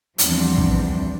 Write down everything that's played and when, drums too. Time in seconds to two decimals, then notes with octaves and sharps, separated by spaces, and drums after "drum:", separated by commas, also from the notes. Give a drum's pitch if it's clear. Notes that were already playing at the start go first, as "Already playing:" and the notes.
0.18 E2 F3 G3 C4 D4, drum: hi-hat
0.58 drum: kick